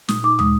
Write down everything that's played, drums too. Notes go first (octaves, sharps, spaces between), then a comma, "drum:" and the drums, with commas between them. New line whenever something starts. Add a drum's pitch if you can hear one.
A#2 D#6, drum: snare
D#4 D6
G#3 D#6, drum: tom